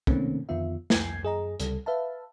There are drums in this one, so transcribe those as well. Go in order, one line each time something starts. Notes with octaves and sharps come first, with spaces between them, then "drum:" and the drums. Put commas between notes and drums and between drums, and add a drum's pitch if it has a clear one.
C3 D#3 A3 A#3 C4 C#4, drum: kick
F2 D3 D#3 B3 F4 E5
C2 F2 G#5 G6 G#6 C7, drum: snare
F#2 G#4 D#5 A#5
C#2 C3 G3 A4, drum: hi-hat
B4 E5 F5 A5